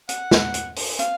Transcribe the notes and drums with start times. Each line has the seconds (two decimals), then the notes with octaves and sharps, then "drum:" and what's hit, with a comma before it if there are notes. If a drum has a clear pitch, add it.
0.09 F#5, drum: hi-hat
0.31 drum: snare
0.54 drum: hi-hat
0.76 drum: open hi-hat
0.99 F5, drum: hi-hat